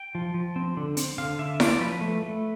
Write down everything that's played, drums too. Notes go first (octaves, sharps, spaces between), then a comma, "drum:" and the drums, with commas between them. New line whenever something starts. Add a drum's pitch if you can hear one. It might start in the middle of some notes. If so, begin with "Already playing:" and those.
Already playing: G5
F3
F3
C4
D3
C4, drum: hi-hat
D3 F5
D3 E5
C4 D5, drum: snare E4
F3 B4
A3
A3